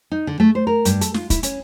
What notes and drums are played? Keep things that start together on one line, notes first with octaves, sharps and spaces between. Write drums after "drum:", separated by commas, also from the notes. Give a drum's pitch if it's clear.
D#4
D3
A3
C5
A#4
G2, drum: hi-hat
A4, drum: hi-hat
F4, drum: snare
E4, drum: kick, hi-hat
C#4, drum: hi-hat